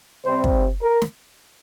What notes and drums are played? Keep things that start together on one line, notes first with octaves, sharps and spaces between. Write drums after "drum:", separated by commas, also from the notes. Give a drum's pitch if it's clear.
C3 G3 C4 C5
drum: kick
A#4
drum: snare